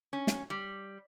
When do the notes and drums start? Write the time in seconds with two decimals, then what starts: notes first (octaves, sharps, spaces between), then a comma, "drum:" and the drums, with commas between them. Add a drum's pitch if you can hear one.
0.13 C#4
0.27 drum: snare
0.50 G3